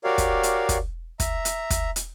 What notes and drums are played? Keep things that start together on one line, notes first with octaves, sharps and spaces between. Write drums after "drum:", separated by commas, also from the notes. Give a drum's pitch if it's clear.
F#4 G4 A#4 C#5 D5 F5
drum: kick, hi-hat
drum: hi-hat
drum: kick, hi-hat
E5 A#5, drum: kick, hi-hat
drum: hi-hat
drum: kick, hi-hat
drum: hi-hat